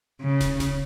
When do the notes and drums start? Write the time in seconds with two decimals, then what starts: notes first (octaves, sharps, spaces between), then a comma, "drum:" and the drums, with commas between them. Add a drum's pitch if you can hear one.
0.21 C#3
0.41 drum: snare
0.60 drum: snare